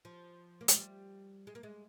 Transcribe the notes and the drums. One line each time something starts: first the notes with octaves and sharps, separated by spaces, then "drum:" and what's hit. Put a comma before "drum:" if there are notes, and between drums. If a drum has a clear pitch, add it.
F3
A#3
G#3, drum: hi-hat
G3
G#3
A#3
G#3